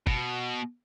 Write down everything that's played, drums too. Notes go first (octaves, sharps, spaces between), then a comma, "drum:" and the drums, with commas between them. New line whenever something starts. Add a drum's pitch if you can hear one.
B2, drum: kick